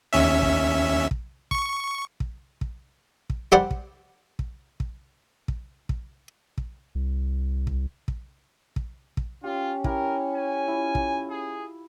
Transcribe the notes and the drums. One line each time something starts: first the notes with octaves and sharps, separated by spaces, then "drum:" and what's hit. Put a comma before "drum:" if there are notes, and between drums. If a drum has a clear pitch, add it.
D#2 C#4 E5
drum: kick
drum: kick
C#6, drum: kick
drum: kick
drum: kick
drum: kick
G3 G4 C5 D5 F#5
drum: kick
drum: kick
drum: kick
drum: kick
drum: kick
drum: kick
C2
drum: kick
drum: kick
drum: kick
drum: kick
C#4 F4 G4
E4 G4 A#4 G5, drum: kick
G#5
E4 F4
drum: kick
G#4